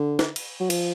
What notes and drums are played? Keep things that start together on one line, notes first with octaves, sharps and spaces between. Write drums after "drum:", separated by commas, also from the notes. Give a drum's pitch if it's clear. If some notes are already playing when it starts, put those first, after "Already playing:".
Already playing: D3
drum: snare
drum: cymbal
F#3
F3, drum: cymbal